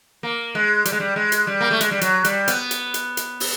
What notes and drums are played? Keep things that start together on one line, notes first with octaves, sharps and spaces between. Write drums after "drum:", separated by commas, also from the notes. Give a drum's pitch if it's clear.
A#3
G#3
G3, drum: hi-hat
G#3
G3
G#3
drum: hi-hat
G3
A#3
A3
G#3, drum: hi-hat
G3
F#3, drum: hi-hat
G3, drum: hi-hat
B3, drum: hi-hat
drum: hi-hat
drum: hi-hat
drum: hi-hat
drum: open hi-hat